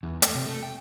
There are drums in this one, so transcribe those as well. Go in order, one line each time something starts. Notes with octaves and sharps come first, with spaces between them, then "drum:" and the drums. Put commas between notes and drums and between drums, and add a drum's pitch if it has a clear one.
E2
A3, drum: hi-hat
C3
A3
G5